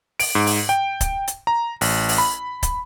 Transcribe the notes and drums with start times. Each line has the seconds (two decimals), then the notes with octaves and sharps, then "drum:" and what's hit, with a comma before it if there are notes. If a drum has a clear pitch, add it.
0.20 D7, drum: open hi-hat
0.35 G#2
0.47 drum: open hi-hat
0.69 G5
1.01 drum: kick, hi-hat
1.28 drum: hi-hat
1.47 A#5
1.81 A1, drum: open hi-hat
2.09 drum: open hi-hat
2.18 B5
2.63 drum: kick, hi-hat